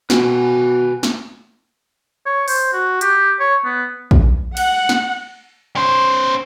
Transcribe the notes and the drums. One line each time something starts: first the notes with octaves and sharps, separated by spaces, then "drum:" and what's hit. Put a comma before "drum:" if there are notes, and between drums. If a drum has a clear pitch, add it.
B2 F#4 B4 G5 G#5, drum: snare
drum: snare
C#5
C5, drum: open hi-hat
F#4
G4, drum: hi-hat
C#5
B3
drum: kick A#1
F#5, drum: cymbal
drum: snare
C#4 C5